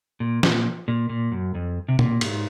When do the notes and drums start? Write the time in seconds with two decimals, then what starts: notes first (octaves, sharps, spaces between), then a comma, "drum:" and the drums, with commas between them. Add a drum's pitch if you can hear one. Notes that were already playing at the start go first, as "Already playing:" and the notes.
0.20 A#2
0.43 A#2, drum: snare
0.88 A#2
1.09 A#2
1.32 F#2
1.55 F2
1.88 C3
1.99 A#2, drum: tom
2.21 G#2, drum: cymbal